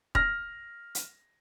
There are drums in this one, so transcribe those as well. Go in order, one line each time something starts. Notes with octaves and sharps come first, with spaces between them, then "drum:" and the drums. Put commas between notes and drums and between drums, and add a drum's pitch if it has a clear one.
F6 A#6, drum: kick D#1
drum: hi-hat